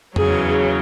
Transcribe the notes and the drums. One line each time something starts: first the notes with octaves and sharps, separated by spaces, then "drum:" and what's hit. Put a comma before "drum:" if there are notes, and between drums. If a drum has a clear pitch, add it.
E2 C#3 F#3 G#4, drum: tom F2